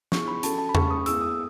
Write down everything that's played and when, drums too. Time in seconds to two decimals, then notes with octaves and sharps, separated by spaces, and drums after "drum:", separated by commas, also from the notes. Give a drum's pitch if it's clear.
0.12 B3 E4 G#4 C#6, drum: snare
0.28 B5
0.43 C#4 F#4 A4 A5, drum: hi-hat
0.58 A5
0.69 B5
0.75 C#4 G#4 C#6, drum: tom E2
0.91 D#6
1.06 B3 E4 G#4 E6, drum: hi-hat
1.22 D#6